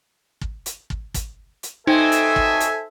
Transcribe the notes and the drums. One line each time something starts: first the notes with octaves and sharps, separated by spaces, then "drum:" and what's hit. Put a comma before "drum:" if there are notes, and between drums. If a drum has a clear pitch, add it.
drum: kick
drum: hi-hat
drum: kick
drum: kick, hi-hat
drum: hi-hat
B2 C4 D#4 A4 C5 E5 G#5
drum: hi-hat
drum: kick
drum: hi-hat